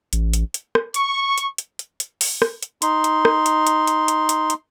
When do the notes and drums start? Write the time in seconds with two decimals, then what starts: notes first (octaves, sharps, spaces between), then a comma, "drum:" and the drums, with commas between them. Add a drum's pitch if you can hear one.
0.13 A1, drum: hi-hat
0.34 drum: hi-hat
0.54 drum: hi-hat
0.75 drum: rim click
0.94 C#6, drum: hi-hat
1.38 drum: hi-hat
1.58 drum: hi-hat
1.79 drum: hi-hat
2.00 drum: hi-hat
2.21 drum: open hi-hat
2.42 drum: rim click
2.63 drum: hi-hat
2.82 D#4 C6, drum: hi-hat
3.04 drum: hi-hat
3.25 drum: rim click
3.46 drum: hi-hat
3.67 drum: hi-hat
3.87 drum: hi-hat
4.08 drum: hi-hat
4.29 drum: hi-hat
4.50 drum: hi-hat